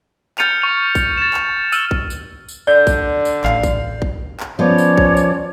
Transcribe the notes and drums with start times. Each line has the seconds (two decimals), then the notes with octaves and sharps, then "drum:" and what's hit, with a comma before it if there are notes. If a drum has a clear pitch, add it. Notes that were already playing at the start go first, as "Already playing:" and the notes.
0.38 F6 G6 A6 C#7 D#7 F7, drum: clap
0.62 C#6 F7
0.95 drum: kick, tambourine
1.18 A6 E7
1.34 drum: clap
1.72 E6 F6 D#7 F#7, drum: tambourine
1.91 drum: kick
2.10 drum: tambourine
2.48 drum: tambourine
2.67 D3 D5 G6
2.87 drum: kick, tambourine
3.25 drum: tambourine
3.44 A1 F5, drum: clap
3.63 drum: kick, tambourine
4.02 drum: kick
4.40 drum: clap
4.59 F3 B3 C#4 C#5 D5
4.78 drum: tambourine
4.97 drum: kick
5.17 drum: tambourine